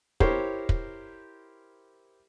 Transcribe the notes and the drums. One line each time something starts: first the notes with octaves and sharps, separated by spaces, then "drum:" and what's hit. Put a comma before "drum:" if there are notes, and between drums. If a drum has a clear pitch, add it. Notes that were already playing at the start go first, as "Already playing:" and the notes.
E4 G4 A#4 C5 C#5, drum: kick
drum: kick